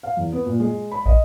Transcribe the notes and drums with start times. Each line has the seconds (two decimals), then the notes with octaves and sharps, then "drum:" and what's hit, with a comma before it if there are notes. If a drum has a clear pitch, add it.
0.03 F5
0.17 E2
0.32 B3
0.46 A#2
0.60 G#3
0.91 B5
1.06 D#5, drum: kick